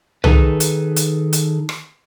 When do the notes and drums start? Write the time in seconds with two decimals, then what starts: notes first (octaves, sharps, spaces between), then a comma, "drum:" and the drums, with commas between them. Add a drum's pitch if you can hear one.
0.24 D#3 D#4 G#4 A4 B4, drum: tom
0.60 drum: hi-hat
0.96 drum: hi-hat
1.33 drum: hi-hat
1.69 drum: rim click